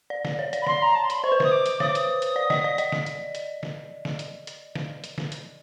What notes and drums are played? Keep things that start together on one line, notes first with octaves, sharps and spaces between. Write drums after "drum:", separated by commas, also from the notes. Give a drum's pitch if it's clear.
D5
D5, drum: snare
C#5
D5, drum: hi-hat
B5
D5 C6, drum: snare
A#5
A5
C6
B5, drum: hi-hat
C6
C5 C#6
B4
C5 D#6, drum: snare
D6
drum: hi-hat
C#5 D#6, drum: snare
D6
D#6, drum: hi-hat
drum: hi-hat
D5
D#5, drum: snare
D5
D#5, drum: hi-hat
drum: snare
drum: hi-hat
drum: hi-hat
drum: snare
drum: snare
drum: hi-hat
drum: hi-hat
drum: snare
drum: hi-hat
drum: snare
drum: hi-hat